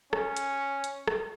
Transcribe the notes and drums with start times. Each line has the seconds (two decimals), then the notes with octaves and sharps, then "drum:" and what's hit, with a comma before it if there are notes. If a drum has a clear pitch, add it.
0.13 C#4, drum: rim click
0.37 drum: hi-hat
0.84 drum: hi-hat
1.08 drum: rim click